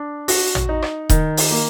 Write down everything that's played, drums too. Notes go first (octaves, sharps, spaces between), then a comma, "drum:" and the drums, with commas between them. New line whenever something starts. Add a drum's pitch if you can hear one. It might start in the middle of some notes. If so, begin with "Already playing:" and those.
Already playing: D4
F#4, drum: open hi-hat
drum: tom
D#4
drum: rim click
D#3, drum: kick D#1, hi-hat
drum: open hi-hat
A#3